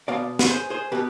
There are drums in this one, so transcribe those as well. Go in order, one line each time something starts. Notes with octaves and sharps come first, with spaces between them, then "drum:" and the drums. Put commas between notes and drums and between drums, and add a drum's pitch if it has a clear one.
B2 B3 D5 F5
B4, drum: snare
G#4 C5
G#4 C5
B2 B3 G4 B4